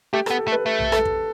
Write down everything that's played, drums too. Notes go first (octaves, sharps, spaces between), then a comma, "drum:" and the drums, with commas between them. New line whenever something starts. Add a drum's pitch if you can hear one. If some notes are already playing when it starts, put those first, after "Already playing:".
A3 G4
A4, drum: rim click
B3
A4
A3
B4
A3 A4
drum: tom A#1
A4, drum: rim click
drum: kick